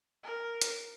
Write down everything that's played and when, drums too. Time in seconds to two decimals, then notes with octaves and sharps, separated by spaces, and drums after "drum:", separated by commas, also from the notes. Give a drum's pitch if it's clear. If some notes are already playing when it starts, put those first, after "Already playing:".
0.23 A#4
0.62 drum: hi-hat